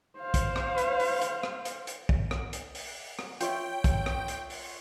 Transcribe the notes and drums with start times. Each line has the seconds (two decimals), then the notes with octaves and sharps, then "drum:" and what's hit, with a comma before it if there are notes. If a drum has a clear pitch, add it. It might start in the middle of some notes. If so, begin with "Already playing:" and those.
0.19 C5 F5
0.34 drum: kick, hi-hat
0.56 drum: rim click
0.78 drum: hi-hat
1.00 drum: open hi-hat
1.22 drum: hi-hat
1.43 drum: rim click
1.65 drum: hi-hat
1.87 drum: hi-hat
2.09 drum: kick
2.31 drum: rim click
2.53 drum: hi-hat
2.75 drum: open hi-hat
3.19 drum: rim click
3.41 F4 C#5 E5 G5, drum: hi-hat
3.84 drum: kick, hi-hat
4.06 drum: rim click
4.28 drum: hi-hat
4.50 drum: open hi-hat